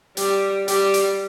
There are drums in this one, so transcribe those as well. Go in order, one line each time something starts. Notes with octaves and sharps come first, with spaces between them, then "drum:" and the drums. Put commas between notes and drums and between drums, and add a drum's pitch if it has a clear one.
G3 G4, drum: hi-hat
G3 G4, drum: hi-hat
drum: hi-hat